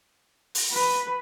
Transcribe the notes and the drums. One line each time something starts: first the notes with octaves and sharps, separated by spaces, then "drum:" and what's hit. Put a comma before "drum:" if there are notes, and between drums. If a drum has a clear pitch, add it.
drum: open hi-hat
B4